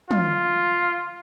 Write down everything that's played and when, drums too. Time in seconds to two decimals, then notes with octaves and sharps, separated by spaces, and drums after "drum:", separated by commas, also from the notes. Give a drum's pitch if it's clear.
0.11 F4, drum: tom